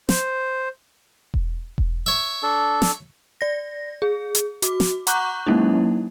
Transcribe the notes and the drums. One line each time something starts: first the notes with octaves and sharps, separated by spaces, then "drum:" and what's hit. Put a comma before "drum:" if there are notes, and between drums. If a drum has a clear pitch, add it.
C5, drum: snare
drum: kick E1
drum: kick E1
C#5 E5
D4 A4
drum: snare
D5 A#6
G#4
drum: hi-hat
F#4 D6, drum: hi-hat
drum: snare
F#5 A#5 C#6 D6 F#6 G6, drum: hi-hat
F#3 G#3 A#3 C#4 D#4 E4